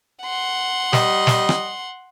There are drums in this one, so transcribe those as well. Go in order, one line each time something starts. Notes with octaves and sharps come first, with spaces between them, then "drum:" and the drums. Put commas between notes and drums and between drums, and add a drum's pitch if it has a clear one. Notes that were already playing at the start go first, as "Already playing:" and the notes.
F#5 C6
G3 D#5, drum: snare
drum: snare
drum: rim click